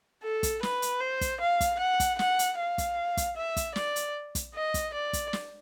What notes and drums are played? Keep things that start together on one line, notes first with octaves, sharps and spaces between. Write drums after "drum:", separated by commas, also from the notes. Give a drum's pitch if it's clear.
A4
drum: kick, hi-hat
B4, drum: snare
drum: hi-hat
C5
drum: kick, hi-hat
F5
drum: kick, hi-hat
F#5
drum: kick, hi-hat
F#5, drum: snare
drum: hi-hat
F5
drum: kick, hi-hat
drum: kick, hi-hat
E5
drum: kick, hi-hat
D5, drum: snare
drum: hi-hat
drum: kick, hi-hat
D#5
drum: kick, hi-hat
D5
drum: kick, hi-hat
drum: snare